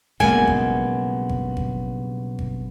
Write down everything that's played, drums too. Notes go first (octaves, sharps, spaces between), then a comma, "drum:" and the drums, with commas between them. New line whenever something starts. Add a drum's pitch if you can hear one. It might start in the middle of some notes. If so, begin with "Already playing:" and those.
B1 G2 C#3 G#3 A#3 B3 G#5, drum: kick G#1
drum: kick G#1
drum: kick G#1
drum: kick G#1
drum: kick G#1